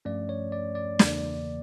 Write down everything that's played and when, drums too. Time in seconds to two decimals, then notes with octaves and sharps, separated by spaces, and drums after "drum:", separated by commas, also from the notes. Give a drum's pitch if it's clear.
0.05 G2 F3 A3 C#4 D5
0.29 C#5
0.52 D5
0.75 D5
0.99 E2 C#3 E3 A#3, drum: snare